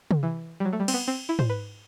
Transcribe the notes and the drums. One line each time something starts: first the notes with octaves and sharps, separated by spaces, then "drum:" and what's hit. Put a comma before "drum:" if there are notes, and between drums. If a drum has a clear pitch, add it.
drum: tom
E3
G3
F#3
A3
G3
C4, drum: cymbal
B3
C4
E4
C5, drum: tom
B4